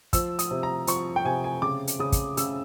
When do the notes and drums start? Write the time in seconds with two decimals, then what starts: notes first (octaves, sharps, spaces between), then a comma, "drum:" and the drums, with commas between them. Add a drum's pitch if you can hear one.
0.13 F3 E6, drum: kick, hi-hat
0.39 D#6, drum: hi-hat
0.51 C3
0.63 A#5
0.87 F3 C#6, drum: hi-hat
1.16 G5
1.25 C3 G#5
1.44 G#5
1.62 C#3 D6
1.87 drum: hi-hat
1.99 C#3 D#6
2.12 drum: kick, hi-hat
2.37 C#3 E6, drum: hi-hat